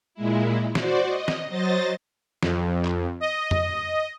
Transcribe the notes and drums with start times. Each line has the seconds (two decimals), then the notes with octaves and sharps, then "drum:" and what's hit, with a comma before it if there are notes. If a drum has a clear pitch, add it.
0.15 A#2 G#3 E4
0.75 F#4 C5 D5, drum: snare
1.06 D#5
1.28 drum: snare
1.49 F#3 C5 D#5 A6 A#6
2.43 F2, drum: snare
2.85 drum: clap
3.20 D#5
3.51 drum: tom F2